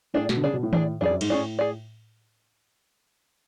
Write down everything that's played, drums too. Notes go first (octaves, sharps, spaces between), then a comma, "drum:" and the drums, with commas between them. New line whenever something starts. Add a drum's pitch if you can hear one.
A2 D4 G#4 D5
B2, drum: snare
D3
C#3 D4 G#4 D5
B2
A2
D4 G#4 D5, drum: tom D#3
F2 D4 G#4 D5
F#2
G#2, drum: cymbal
A2 C#4 G#4 D5
G#4 D5